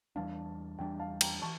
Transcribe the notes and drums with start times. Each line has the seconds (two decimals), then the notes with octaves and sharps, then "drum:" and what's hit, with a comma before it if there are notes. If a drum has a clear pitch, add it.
0.16 E2 E3 G3 D4 F5 A5
0.79 E2 E3 G3 D4 G5
1.00 F5 A5
1.21 G5 A#5, drum: cymbal
1.42 E3 A5 C#6